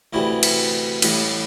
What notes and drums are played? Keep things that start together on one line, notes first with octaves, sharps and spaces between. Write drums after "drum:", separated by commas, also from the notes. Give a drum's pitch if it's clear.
D2 C3 E3 G3 E4
drum: cymbal
A1 A2 G3, drum: cymbal